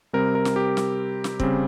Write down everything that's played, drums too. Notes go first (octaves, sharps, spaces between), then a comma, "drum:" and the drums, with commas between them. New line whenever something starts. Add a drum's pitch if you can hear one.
C3 G3 C4 A#4
A#4
drum: snare
G4
drum: snare
drum: snare
C#3 G3 C4, drum: kick